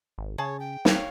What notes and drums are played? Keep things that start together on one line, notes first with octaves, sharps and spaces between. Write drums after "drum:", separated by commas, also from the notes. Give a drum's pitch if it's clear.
G#1
C#3 G#4 C#5 A5
G5
C4 C#5 F5, drum: snare